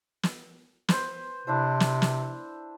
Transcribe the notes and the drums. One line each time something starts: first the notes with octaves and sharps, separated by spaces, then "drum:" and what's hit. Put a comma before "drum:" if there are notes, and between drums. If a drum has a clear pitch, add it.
drum: snare
B4 C5, drum: snare
C3 D4 E4 C5
drum: snare
drum: snare